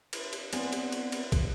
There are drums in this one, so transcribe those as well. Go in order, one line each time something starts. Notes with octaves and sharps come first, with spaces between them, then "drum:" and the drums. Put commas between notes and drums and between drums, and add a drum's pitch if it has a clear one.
drum: cymbal
drum: cymbal
B3 C4 D5 G#5, drum: cymbal
drum: cymbal
drum: cymbal
drum: cymbal
drum: kick, cymbal